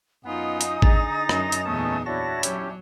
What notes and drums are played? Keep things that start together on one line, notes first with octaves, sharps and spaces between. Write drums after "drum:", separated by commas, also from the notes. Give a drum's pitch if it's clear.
F#2 B3 D#4 F4 G#5 D#6
drum: hi-hat
D3 G#4 A#5 A6 A#6, drum: kick G#1
F#2, drum: rim click
drum: hi-hat
E2 A#2 A3 B3 C#4 A5
D4 E4 F#4 C#5 A5 A#6
F#3 C#4 G4, drum: hi-hat